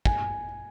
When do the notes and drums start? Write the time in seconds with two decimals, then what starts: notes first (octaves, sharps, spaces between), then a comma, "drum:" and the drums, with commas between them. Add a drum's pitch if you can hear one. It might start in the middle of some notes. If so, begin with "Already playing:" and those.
0.05 G#5, drum: kick